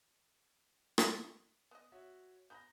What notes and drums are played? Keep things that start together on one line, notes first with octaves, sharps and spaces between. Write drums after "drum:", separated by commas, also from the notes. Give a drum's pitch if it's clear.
drum: rim click
B3 D#5
F#4 C#5 E5
B3 A#5 B5 G6 A#6